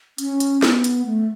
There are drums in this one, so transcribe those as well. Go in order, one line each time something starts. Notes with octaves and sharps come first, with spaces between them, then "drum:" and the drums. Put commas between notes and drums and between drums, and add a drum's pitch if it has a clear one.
C#4, drum: hi-hat
drum: hi-hat
B3, drum: snare
drum: hi-hat
A3